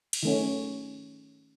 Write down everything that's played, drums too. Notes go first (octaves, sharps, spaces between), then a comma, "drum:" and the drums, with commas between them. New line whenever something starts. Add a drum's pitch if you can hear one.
drum: cymbal
D#3 A3 C#4